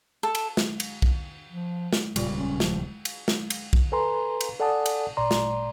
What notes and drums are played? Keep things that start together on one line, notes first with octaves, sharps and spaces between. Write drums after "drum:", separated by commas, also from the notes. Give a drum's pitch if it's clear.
A4
drum: cymbal
drum: snare
drum: cymbal
drum: kick
F3
drum: snare
D#1 C#2 A#2 G3, drum: cymbal
C#4
F3, drum: snare
drum: cymbal
drum: snare
drum: cymbal
drum: kick
A4 B4 G#5 A#5 C6
drum: cymbal
A4 D5 F#5 G#5 A5 D#6
drum: cymbal
G#1 A#2 D5 A#5 C6
drum: snare